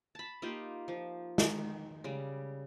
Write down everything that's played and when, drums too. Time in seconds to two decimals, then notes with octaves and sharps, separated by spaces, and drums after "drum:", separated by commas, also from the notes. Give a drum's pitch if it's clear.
0.15 A5 B5
0.42 A#3 D#4 F4 G4
0.88 F3
1.38 D#3, drum: snare
2.04 C#3 G3